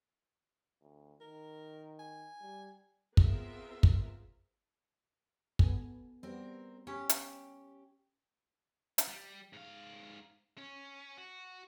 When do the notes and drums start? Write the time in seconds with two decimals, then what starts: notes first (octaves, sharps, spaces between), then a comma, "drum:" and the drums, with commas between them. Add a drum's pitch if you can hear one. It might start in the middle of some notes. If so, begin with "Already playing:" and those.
0.81 D2
1.21 D#3 A#4
1.99 G#5
2.42 G3
3.17 B3 C4 F4 G#4 A#4 E5, drum: kick
3.83 drum: kick
5.59 B3 A4 G#5, drum: kick
6.23 G3 B3 C4 A#4
6.87 C#4 G4
7.09 drum: hi-hat
8.98 drum: hi-hat
9.08 G3
9.53 G#2 F5
10.58 C#4
11.17 F#4